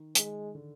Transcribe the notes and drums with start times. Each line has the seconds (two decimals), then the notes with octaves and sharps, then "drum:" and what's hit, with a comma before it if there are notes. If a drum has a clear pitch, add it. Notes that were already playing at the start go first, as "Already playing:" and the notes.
Already playing: D#3
0.15 D#3 G#3, drum: hi-hat
0.55 D3